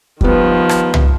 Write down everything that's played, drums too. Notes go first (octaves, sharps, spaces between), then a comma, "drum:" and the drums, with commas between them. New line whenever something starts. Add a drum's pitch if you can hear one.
D#3 F3 G3 B3, drum: kick
drum: rim click
drum: tom